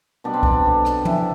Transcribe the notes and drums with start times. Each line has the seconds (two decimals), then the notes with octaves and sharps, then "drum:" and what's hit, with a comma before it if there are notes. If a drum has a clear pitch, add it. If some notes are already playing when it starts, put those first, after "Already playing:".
0.24 B2 G3 B3 D4
0.34 C4
0.43 D4, drum: kick B1
0.64 D3 G3 B3
0.85 drum: rim click
1.05 C3 E3 G3 E4, drum: tom F3